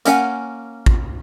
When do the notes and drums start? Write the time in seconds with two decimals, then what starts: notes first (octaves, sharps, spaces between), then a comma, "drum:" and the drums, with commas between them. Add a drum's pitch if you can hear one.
0.05 A#3 C#4 F#5 G#5, drum: hi-hat
0.86 drum: kick A1